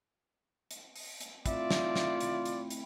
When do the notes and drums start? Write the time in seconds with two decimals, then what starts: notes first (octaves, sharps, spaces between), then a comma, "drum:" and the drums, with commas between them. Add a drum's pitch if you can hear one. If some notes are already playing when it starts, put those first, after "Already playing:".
0.71 drum: hi-hat
0.96 drum: open hi-hat
1.21 drum: hi-hat
1.46 A3 C4 E4 F4 D5 E5, drum: kick, hi-hat
1.71 drum: snare
1.96 drum: snare
2.20 drum: hi-hat
2.45 drum: hi-hat
2.70 drum: hi-hat